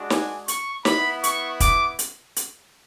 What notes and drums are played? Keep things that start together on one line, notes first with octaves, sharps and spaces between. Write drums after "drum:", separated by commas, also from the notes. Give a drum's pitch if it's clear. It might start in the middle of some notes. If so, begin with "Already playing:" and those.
Already playing: G#3 D4 F#4
G#5, drum: snare
C#6, drum: hi-hat
B3 E4 B5, drum: snare
C#6, drum: hi-hat
D6, drum: kick, hi-hat
drum: hi-hat
drum: hi-hat